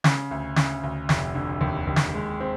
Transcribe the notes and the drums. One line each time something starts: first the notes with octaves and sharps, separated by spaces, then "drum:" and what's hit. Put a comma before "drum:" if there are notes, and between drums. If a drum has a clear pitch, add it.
C#3, drum: snare
D2
C#3, drum: snare
D2
F1, drum: snare
D3
D#2
D#2
drum: snare
G#3
C4